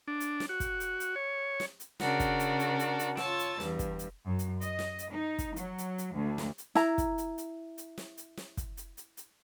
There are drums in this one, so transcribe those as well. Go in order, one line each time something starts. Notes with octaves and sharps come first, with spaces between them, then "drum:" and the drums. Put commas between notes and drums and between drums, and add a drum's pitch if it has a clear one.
D4
drum: hi-hat
drum: snare
F#4
drum: kick, hi-hat
drum: hi-hat
drum: hi-hat
C#5
drum: snare
drum: hi-hat
C#3 D4 F#4 A#4, drum: snare
drum: kick, hi-hat
drum: hi-hat
drum: hi-hat
drum: hi-hat
drum: hi-hat
F4 C#5 A5 E6, drum: snare
drum: hi-hat
E2 G2, drum: snare
drum: kick, hi-hat
drum: hi-hat
F#2
drum: hi-hat
D#5, drum: hi-hat
drum: snare
drum: hi-hat
D#4
drum: kick, hi-hat
F#3, drum: hi-hat
drum: hi-hat
drum: hi-hat
D2
drum: snare
drum: hi-hat
E4 A#5, drum: snare
drum: kick, hi-hat
drum: hi-hat
drum: hi-hat
drum: hi-hat
drum: snare
drum: hi-hat
drum: snare
drum: kick, hi-hat
drum: hi-hat
drum: hi-hat
drum: hi-hat